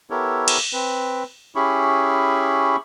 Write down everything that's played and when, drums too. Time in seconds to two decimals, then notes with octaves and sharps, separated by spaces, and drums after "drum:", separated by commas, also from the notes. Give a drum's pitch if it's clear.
0.10 B3 E4 G4 A4 A#4 C#5
0.48 drum: cymbal
0.73 C4 B4
1.55 C#4 E4 G4 G#4 B5 C#6